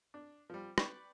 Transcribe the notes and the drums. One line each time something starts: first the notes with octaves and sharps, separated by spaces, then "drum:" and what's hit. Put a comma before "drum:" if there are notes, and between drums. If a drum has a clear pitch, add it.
D4
F3 G3
B4 D5 G5 B5 C#6, drum: rim click